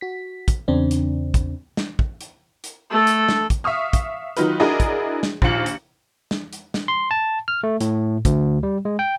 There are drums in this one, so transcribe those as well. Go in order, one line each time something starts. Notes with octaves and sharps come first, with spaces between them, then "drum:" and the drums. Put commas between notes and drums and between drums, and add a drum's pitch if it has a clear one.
F#4 B6
drum: kick, hi-hat
E2 C#3 C4 D4
drum: hi-hat
drum: kick, hi-hat
drum: snare
drum: kick
drum: hi-hat
drum: hi-hat
A3 A4
drum: hi-hat
drum: snare
drum: kick, hi-hat
E5 F5 C#6 D#6 F6
drum: kick, hi-hat
D#3 F#3 D#4 F4 B4, drum: hi-hat
D4 E4 F#4 G#4 A#4 D#5
drum: kick, hi-hat
drum: snare
A#1 D#2 F4 F5 C#7 F#7, drum: kick
drum: hi-hat
drum: snare
drum: hi-hat
drum: snare
C6
A5
F6
A3
A2, drum: hi-hat
D2, drum: kick, hi-hat
G3
G#3
G5